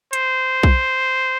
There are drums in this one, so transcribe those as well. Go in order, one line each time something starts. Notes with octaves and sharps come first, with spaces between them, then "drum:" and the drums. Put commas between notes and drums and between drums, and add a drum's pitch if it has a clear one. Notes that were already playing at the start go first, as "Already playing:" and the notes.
C5, drum: hi-hat
drum: kick B1